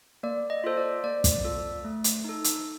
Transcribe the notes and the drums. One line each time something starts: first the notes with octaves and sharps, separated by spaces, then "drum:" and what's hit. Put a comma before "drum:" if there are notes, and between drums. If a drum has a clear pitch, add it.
A#3 D5
D#5
F4 A4 C5
D5
A#3 D5
drum: kick, hi-hat
F4 A4
A3
drum: hi-hat
D#4 A4
drum: hi-hat